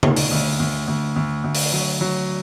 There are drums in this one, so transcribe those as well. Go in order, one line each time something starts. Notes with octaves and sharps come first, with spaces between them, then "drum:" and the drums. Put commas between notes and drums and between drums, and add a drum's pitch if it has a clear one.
D2, drum: tom C#3
drum: open hi-hat
D2
D2
D2
D2
D2
drum: open hi-hat
F#3
F#3